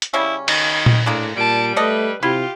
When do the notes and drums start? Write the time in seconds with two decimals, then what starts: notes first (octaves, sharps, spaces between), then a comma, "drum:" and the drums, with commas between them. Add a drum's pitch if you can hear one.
0.02 drum: hi-hat
0.14 C#3 G3 C#4 E4
0.48 D#3 B5, drum: cymbal
0.86 drum: tom A#2
1.06 A2 G#3 A#3 D4
1.36 A#2 G3 A5 D7
1.76 A3 A4 B4 D5 D#5
2.23 C3 E4 F4 G4